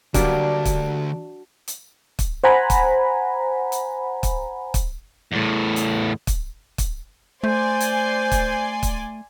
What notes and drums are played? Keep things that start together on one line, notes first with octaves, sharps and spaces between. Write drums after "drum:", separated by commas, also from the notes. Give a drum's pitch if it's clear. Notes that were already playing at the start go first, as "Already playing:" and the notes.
D2 F#3 G3 A#3 D4 F#4, drum: kick, hi-hat
drum: kick, hi-hat
drum: hi-hat
drum: kick, hi-hat
C5 F#5 G#5 A#5 B5
drum: kick, hi-hat
drum: hi-hat
drum: kick, hi-hat
drum: kick, hi-hat
E2 A2
drum: hi-hat
drum: kick, hi-hat
drum: kick, hi-hat
A3 C5 D5 G#5 C6
drum: hi-hat
drum: kick, hi-hat
drum: kick, hi-hat